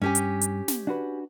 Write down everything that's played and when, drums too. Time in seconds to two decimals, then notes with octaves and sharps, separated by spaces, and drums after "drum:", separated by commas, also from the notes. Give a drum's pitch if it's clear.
0.02 G2 C#4 G4 G#5
0.15 drum: hi-hat
0.41 drum: hi-hat
0.68 drum: snare
0.87 D4 F#4 B4